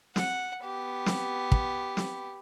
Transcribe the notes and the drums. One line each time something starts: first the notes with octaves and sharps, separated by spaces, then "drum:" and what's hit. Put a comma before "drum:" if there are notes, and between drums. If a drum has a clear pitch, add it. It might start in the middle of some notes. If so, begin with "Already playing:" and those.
F#5, drum: snare
B3 G4
drum: snare
drum: kick
drum: snare